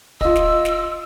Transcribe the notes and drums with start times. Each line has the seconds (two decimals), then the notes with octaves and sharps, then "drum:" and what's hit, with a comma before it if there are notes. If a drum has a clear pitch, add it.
0.21 F4 D#5 E6, drum: kick
0.36 drum: snare
0.65 drum: snare